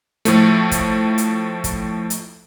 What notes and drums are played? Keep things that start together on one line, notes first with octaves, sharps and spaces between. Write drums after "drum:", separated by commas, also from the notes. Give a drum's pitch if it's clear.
A2 F3 A3, drum: hi-hat
drum: kick, hi-hat
drum: hi-hat
drum: kick, hi-hat
drum: hi-hat